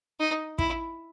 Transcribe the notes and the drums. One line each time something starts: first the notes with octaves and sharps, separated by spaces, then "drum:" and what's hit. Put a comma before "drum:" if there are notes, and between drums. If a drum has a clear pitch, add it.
D#4
E4, drum: kick